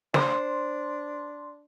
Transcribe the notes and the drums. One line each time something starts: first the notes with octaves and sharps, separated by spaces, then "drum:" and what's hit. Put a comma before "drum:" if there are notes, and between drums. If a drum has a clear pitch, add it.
D4 C5 C6, drum: snare